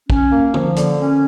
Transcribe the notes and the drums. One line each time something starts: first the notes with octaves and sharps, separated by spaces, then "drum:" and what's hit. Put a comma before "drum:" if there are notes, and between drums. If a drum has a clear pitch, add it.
C#4, drum: kick
A#3
F3, drum: tom D3
D3, drum: hi-hat
C#4